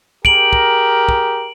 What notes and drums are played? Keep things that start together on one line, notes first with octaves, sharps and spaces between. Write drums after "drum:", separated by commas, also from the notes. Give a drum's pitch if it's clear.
G4 G#4 A#4 D7 F#7, drum: kick
drum: kick
drum: kick